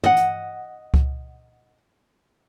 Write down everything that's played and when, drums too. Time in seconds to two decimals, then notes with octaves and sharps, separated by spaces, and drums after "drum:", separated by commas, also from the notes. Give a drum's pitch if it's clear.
0.04 D#5 F#5, drum: tom
0.17 drum: hi-hat
0.94 drum: kick C#2